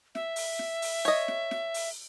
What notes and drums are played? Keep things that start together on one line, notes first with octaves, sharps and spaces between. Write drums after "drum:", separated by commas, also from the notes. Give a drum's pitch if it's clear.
E5, drum: snare
drum: open hi-hat
drum: snare
drum: open hi-hat
C#5 D#5, drum: hi-hat
drum: snare
drum: snare
drum: open hi-hat